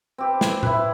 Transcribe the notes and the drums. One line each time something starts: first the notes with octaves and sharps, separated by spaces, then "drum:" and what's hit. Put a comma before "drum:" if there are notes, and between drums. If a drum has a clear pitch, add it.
C4 G4 B4
drum: snare
E4 B4, drum: tom A2